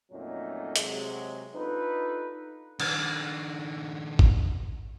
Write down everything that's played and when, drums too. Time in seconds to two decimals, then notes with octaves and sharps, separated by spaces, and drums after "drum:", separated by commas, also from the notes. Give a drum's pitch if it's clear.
0.11 F2 A#2 F#3 A3 C#4 D#4
0.76 C3 F#3 G#3, drum: hi-hat
1.54 D4 D#4 F4 A4 B4
2.80 D#3 D4, drum: cymbal
4.19 drum: kick G#1